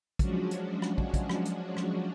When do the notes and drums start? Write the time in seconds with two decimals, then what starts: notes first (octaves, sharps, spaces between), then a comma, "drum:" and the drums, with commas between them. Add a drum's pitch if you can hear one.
0.19 F3 F#3 G#3 C#4 D4 F#4, drum: kick, hi-hat
0.51 drum: hi-hat
0.82 drum: rim click
0.98 drum: kick
1.14 drum: kick, hi-hat
1.29 drum: rim click
1.45 drum: hi-hat
1.77 drum: rim click